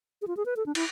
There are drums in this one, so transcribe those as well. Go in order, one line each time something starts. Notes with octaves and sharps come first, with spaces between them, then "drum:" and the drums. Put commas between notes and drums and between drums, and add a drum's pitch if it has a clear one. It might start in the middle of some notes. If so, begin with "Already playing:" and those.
G#4
F4
G#4
B4
A4
D4
E4, drum: cymbal